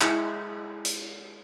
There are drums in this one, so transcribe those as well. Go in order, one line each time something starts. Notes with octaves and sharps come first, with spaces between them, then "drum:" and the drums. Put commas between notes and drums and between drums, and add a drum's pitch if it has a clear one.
G#3 E4 C#6, drum: clap
drum: hi-hat